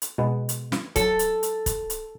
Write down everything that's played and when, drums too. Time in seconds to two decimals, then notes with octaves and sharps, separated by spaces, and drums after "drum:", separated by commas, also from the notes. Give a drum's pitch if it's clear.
0.02 drum: hi-hat
0.18 B2 G#3 B3
0.49 drum: hi-hat
0.72 drum: snare
0.96 F#3 A4, drum: kick, hi-hat
1.19 drum: hi-hat
1.43 drum: hi-hat
1.66 drum: kick, hi-hat
1.90 drum: hi-hat